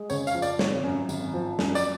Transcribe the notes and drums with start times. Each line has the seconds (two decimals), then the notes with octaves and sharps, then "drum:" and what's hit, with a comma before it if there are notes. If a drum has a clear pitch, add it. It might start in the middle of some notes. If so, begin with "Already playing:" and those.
Already playing: G#3
0.10 C#3 C#5, drum: tambourine
0.27 F5, drum: tambourine
0.35 F3
0.42 D5, drum: tambourine
0.59 G#1 C#5, drum: snare
0.83 F#2
1.09 G#1, drum: tambourine
1.34 F3
1.59 F#2, drum: snare
1.75 D5, drum: tambourine